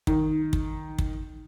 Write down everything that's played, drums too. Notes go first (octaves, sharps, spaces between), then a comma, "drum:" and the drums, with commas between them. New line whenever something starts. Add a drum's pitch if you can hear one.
D#3, drum: kick
drum: kick
drum: kick